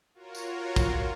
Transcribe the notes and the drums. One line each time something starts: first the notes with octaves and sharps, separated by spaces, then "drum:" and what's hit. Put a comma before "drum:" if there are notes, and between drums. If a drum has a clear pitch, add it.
F4 F#4 A#4 C#5
drum: tambourine
drum: kick, tambourine